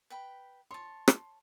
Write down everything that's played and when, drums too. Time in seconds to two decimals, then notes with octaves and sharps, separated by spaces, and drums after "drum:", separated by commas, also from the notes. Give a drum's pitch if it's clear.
0.10 B4 G5 B5
0.71 C#5 A5 C6
1.08 drum: rim click